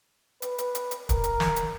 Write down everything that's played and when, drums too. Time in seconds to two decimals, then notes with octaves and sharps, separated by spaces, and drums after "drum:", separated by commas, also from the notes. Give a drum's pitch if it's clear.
0.42 B4, drum: hi-hat
0.58 drum: hi-hat
0.75 drum: hi-hat
0.91 drum: hi-hat
1.09 A#4, drum: kick, hi-hat
1.24 drum: hi-hat
1.40 drum: snare
1.56 drum: hi-hat